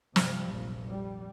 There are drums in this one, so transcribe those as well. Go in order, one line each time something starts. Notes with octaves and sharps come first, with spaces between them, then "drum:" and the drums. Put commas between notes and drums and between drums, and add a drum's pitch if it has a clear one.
G2 C3 F3 G3, drum: snare
F1 A#1
G3